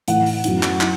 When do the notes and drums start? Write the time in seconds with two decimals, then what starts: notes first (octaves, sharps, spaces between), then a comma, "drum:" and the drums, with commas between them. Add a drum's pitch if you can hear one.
0.08 A2 E3 A3 E4 F#5, drum: hi-hat
0.26 drum: open hi-hat
0.44 F#2 F#3 B3 E4, drum: hi-hat
0.63 drum: clap
0.81 E4, drum: clap